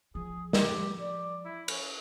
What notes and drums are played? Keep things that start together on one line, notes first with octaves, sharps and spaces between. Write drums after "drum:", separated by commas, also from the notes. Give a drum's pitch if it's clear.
F3 G#4
G4, drum: snare
D5
E4
C#4, drum: cymbal